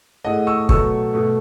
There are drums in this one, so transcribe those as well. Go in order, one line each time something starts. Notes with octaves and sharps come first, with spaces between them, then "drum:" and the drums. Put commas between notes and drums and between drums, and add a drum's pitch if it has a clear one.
A2 G#3 D#5 F#5
C#6 E6
B2 F#3 A3 C#6 E6, drum: kick
B2 A3